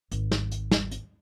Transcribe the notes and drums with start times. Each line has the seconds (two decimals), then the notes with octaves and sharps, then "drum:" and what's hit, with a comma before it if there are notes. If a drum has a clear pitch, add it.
0.12 G#1, drum: hi-hat
0.31 drum: snare
0.51 drum: hi-hat
0.71 drum: snare
0.91 drum: hi-hat